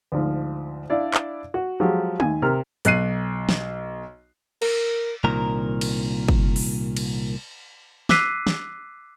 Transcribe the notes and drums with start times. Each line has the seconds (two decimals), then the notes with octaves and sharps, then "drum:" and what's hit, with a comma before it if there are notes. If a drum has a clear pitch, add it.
0.12 D2 G#2 F3
0.90 D4 E4 D5 F5
1.14 drum: clap
1.54 F#4
1.80 F3 F#3 G#3 F#4 G4
2.20 D#2 G#5, drum: tom
2.42 C3 A#4 F6
2.85 B1 F#6 C7 D#7, drum: hi-hat
3.49 drum: snare
4.62 A#4, drum: cymbal
5.24 C2 A#2 D#3 A#4 A#5
5.81 drum: cymbal
6.28 drum: kick
6.56 drum: open hi-hat
6.97 drum: cymbal
8.09 D6 E6 F#6 B6 C7 D#7, drum: snare
8.47 drum: snare